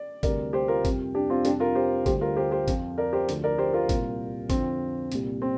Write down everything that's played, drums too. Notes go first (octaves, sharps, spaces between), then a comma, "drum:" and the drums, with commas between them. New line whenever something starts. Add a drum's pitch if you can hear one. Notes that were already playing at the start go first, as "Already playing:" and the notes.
Already playing: D5
D2 C3 G3 A#4 D5, drum: kick, hi-hat
G4 C5
F4 A#4
F2 C3 G3, drum: kick, hi-hat
D4 G4
C4 F4
F2 C3 G3 D4 G4, drum: hi-hat
F4 A#4
G4 C5
D2 D3 G3 G4 C5, drum: kick, hi-hat
F4 A#4
G4 C5
G4 C5
F2 F3, drum: kick, hi-hat
A#4 D5
G4 C5
D2 D3 F3, drum: hi-hat
A#4 D5
G4 C5
F4 A#4
C2 A#2 G3, drum: kick, hi-hat
F2 D3 F3 C4, drum: kick, hi-hat
C2 A#2 G3, drum: hi-hat
C4